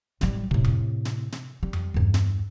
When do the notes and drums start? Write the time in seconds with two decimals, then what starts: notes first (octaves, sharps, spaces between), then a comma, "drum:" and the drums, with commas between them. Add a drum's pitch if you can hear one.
0.21 A1 G3, drum: snare
0.51 A2 C3, drum: kick
0.64 drum: tom F2
1.05 drum: snare
1.32 drum: snare
1.63 G3
1.73 drum: tom F2
1.94 E2 G2
2.14 drum: snare